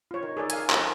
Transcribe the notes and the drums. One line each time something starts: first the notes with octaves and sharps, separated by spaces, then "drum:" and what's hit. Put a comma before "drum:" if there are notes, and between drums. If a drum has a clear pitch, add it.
F4 C#5
D#3
G#4 A4 D5
F5 G#5, drum: hi-hat
F3 A5, drum: clap